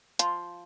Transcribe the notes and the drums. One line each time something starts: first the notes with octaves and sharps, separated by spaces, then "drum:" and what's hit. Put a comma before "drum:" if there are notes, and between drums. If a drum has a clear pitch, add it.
F3 F4, drum: hi-hat